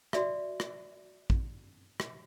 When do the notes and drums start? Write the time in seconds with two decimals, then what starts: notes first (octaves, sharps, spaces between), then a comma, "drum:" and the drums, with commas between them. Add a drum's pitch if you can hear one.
0.13 F#4 D5 E5, drum: rim click
0.60 drum: rim click
1.30 drum: kick
2.00 drum: rim click